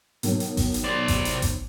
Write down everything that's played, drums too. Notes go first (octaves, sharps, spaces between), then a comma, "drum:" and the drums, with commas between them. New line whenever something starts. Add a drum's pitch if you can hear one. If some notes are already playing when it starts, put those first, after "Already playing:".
B2 D#3 F#3, drum: hi-hat
drum: hi-hat
drum: kick G#1, open hi-hat
drum: hi-hat
C5 D5
drum: kick G#1, hi-hat
drum: hi-hat
drum: kick G#1, hi-hat